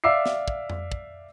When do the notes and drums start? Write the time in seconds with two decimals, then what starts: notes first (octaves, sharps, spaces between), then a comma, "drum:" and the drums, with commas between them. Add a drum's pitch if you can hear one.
0.04 D5 E5 F5 D6 E6 C7
0.26 drum: snare
0.48 drum: kick
0.70 drum: tom F2
0.92 drum: kick